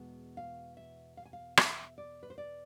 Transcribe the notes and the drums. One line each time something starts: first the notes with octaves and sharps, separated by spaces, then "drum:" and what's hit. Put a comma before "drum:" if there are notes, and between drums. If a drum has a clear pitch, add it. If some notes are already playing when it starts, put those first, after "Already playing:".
Already playing: E2 B2 G#3
F5
E5
F5
G#5
F5
E5, drum: rim click
D5
B4
C5
D5